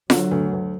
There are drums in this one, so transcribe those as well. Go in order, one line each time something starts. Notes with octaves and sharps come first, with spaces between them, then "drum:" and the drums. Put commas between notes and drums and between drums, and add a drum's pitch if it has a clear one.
D3 F#3, drum: snare F4
D2
D2